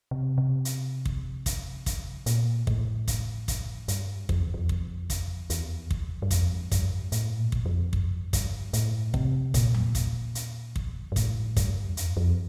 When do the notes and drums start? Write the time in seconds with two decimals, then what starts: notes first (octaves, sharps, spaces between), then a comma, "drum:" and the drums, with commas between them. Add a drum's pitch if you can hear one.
0.11 C3
0.38 C3
0.65 drum: hi-hat
1.05 drum: kick
1.46 drum: kick, hi-hat
1.86 drum: kick, hi-hat
2.26 A#2, drum: hi-hat
2.67 A2, drum: kick
3.08 drum: kick, hi-hat
3.48 drum: kick, hi-hat
3.88 G2, drum: hi-hat
4.29 F2, drum: kick
4.41 E2
4.54 F2
4.69 drum: kick
5.10 drum: kick, hi-hat
5.50 E2, drum: hi-hat
5.91 drum: kick
6.22 G2
6.31 F2, drum: kick, hi-hat
6.72 G2, drum: kick, hi-hat
7.12 A2, drum: hi-hat
7.39 A#2
7.52 drum: kick
7.66 F2
7.93 G2, drum: kick
8.33 G2, drum: kick, hi-hat
8.73 A2, drum: hi-hat
9.14 C3, drum: kick
9.54 A#2, drum: kick, hi-hat
9.75 drum: tom E2
9.95 drum: kick, hi-hat
10.35 drum: hi-hat
10.76 drum: kick
11.12 G2
11.16 A2, drum: kick, hi-hat
11.57 G2, drum: kick, hi-hat
11.89 E2
11.97 F2, drum: hi-hat
12.17 F2